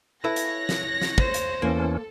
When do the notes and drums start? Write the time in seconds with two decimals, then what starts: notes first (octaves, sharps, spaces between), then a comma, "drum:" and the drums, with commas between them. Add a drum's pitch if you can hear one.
0.24 E4 A4 B4 C#5 F#6 A#6
0.36 drum: hi-hat
0.69 drum: snare
1.01 drum: snare
1.18 C5, drum: kick
1.34 drum: hi-hat
1.62 E2 E3 A#3 C#4 A4